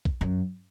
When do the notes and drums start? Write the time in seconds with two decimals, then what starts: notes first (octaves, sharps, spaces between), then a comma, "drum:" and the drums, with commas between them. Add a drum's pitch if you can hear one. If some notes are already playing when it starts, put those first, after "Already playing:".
0.05 drum: kick
0.21 F#2